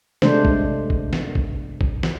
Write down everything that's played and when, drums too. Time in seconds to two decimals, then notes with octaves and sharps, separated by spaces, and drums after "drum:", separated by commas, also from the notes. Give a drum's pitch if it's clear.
0.22 C3 G#3 A3 D4 C5, drum: snare
0.45 drum: kick
0.90 drum: kick
1.13 drum: snare
1.35 drum: kick
1.81 drum: kick
2.03 drum: snare